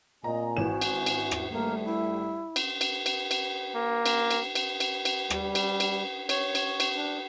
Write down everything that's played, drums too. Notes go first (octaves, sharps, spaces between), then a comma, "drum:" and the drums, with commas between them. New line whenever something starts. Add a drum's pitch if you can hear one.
A#2 C4 D#5 G#5 A#5
G#1 E3 F#4 E7
drum: cymbal
E4
drum: cymbal
drum: rim click
G3 A3 A#3
E4
drum: cymbal
drum: cymbal
drum: cymbal
drum: cymbal
A#3
drum: cymbal
drum: cymbal
drum: cymbal
drum: cymbal
drum: cymbal
G3, drum: rim click
drum: cymbal
drum: cymbal
C#5, drum: cymbal
drum: cymbal
drum: cymbal
D4